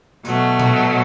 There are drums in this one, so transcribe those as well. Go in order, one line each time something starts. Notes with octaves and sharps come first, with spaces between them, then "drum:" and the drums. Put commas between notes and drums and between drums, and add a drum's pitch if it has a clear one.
B2 F#3 A3, drum: hi-hat
drum: tom A#2